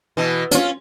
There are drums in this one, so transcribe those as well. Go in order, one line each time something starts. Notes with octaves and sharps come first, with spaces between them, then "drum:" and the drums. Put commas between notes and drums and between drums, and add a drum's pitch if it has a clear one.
B2 E3
C#4 F4, drum: hi-hat